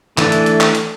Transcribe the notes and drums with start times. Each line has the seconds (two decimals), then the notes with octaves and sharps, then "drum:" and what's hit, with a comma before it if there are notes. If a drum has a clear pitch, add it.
0.18 E3 A3 D4, drum: clap
0.32 drum: hi-hat
0.46 drum: hi-hat
0.61 drum: clap
0.75 drum: hi-hat